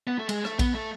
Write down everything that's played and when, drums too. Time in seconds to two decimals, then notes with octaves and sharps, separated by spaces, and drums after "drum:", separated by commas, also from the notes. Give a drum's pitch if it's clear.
0.07 B3
0.19 A3
0.29 G#3, drum: cymbal
0.45 A3, drum: rim click
0.59 B3, drum: kick A#1, cymbal
0.74 A3